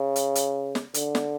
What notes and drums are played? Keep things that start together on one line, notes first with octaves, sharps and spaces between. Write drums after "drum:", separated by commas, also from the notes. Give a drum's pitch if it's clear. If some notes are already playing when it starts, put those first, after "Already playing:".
Already playing: C#3
drum: hi-hat
drum: hi-hat
drum: snare
D3, drum: hi-hat
drum: snare